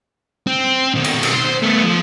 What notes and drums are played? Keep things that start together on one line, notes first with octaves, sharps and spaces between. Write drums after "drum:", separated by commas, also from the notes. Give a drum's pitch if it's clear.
C4
B2 D#3
drum: cymbal
drum: cymbal
C5
A3 B3
F3